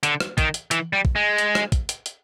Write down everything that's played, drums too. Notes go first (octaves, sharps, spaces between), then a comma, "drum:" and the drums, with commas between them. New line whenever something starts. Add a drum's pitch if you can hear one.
D3, drum: hi-hat
drum: rim click
D#3, drum: kick, hi-hat
drum: hi-hat
E3, drum: hi-hat
G3
drum: kick
G#3
drum: hi-hat
drum: rim click
drum: kick, hi-hat
drum: hi-hat
drum: hi-hat